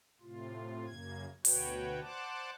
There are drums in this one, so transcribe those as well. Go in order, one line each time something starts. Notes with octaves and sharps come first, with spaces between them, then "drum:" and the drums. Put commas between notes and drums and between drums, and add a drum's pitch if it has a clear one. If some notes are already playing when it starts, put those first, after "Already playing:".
A2 C3 F4
F#2 C#3 A#3 G#6
D2 B2 F#4 B4 C#5 G5, drum: open hi-hat
C5 D5 F#5 A5 D6